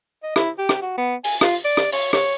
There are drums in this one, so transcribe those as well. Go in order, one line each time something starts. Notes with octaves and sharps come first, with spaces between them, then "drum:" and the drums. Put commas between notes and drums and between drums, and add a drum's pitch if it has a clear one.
D#5
E4, drum: rim click
G4
drum: rim click
F#4
B3
G#5, drum: open hi-hat
F4, drum: rim click
D5
drum: rim click
C#5, drum: open hi-hat
C#5, drum: rim click